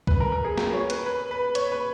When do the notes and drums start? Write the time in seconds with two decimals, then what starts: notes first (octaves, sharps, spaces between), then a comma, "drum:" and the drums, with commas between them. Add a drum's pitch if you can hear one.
0.07 B4, drum: kick C2
0.20 A#4
0.32 A#4
0.45 G#4
0.57 A#4, drum: snare
0.73 C#5
0.90 B4, drum: hi-hat
1.06 B4
1.31 B4
1.55 C#5, drum: hi-hat
1.72 B4